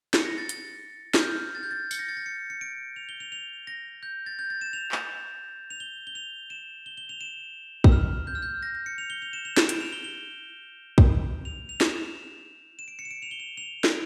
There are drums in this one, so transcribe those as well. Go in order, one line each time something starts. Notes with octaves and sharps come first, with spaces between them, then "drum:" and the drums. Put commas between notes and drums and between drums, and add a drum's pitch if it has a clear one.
C#7, drum: snare
A#6
A6
A6, drum: hi-hat
F6, drum: snare
G6
A6
G6
A6
C#7, drum: tambourine
A#6
A6
A#6
C#7
C#7
D7
F7
G7
F7
F7
A#6
G6
A6
G6
A6
E7
F7
drum: clap
F7
G7
G7
F7
E7
G7
G7
F7
E7
E6, drum: kick
F6
G6
F6
G6
A#6
A#6
C#7
F7
G7
F7
E7
F7
E7, drum: snare
D7, drum: hi-hat
F7
G7
G7
drum: kick
F7
F7
E7, drum: snare
E7
D7
C#7
E7
D7
F7
G7
F7
F7
D7, drum: snare